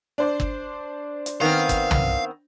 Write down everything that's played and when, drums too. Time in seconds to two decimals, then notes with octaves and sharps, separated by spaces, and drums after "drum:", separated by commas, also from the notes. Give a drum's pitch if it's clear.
0.18 D4 C5 D5
0.40 drum: kick
1.26 drum: hi-hat
1.41 D#3 B3 C4 F5
1.69 drum: kick, hi-hat
1.91 drum: tom